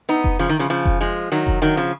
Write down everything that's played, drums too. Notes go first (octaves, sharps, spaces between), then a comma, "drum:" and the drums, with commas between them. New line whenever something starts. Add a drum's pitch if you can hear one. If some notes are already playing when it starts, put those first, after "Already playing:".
B3 D#4
drum: kick F1
C#3 F3
D#3
C#3 F3
C#3 F3
drum: kick F1
F3 G#3
D#3 F#3
drum: kick F1
D#3 F#3
C#3 F3